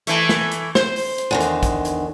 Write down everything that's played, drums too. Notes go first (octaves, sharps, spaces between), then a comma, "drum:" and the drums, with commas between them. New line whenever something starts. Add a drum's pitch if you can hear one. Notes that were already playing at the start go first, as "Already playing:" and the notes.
E3 A3, drum: hi-hat
drum: snare
drum: hi-hat
C5, drum: snare
drum: open hi-hat
drum: hi-hat
E2 D3 D#3
drum: hi-hat
drum: kick, hi-hat
drum: hi-hat